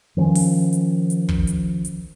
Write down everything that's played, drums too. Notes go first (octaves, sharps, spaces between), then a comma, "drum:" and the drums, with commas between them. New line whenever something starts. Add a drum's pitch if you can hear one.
D#3 F3 G#3 C#4
drum: open hi-hat
drum: hi-hat
drum: hi-hat
drum: kick
drum: hi-hat
drum: hi-hat